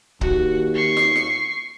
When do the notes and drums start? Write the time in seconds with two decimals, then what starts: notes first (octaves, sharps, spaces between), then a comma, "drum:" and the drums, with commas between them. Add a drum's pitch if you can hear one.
0.21 D#2 F#4, drum: kick C#1
0.75 C#6 C7
0.97 drum: snare
1.15 drum: snare